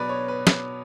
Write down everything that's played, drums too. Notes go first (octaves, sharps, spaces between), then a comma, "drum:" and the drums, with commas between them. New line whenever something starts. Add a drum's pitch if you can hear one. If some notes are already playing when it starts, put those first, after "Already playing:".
Already playing: B2 F#3 B3 B4 D5
C#5
B4
drum: snare